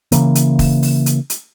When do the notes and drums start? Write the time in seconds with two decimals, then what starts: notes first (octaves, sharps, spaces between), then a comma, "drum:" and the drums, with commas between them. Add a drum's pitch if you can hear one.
0.12 C#3 E3 A#3, drum: hi-hat
0.35 drum: hi-hat
0.59 drum: kick, open hi-hat
0.83 drum: open hi-hat
1.06 drum: hi-hat
1.30 drum: hi-hat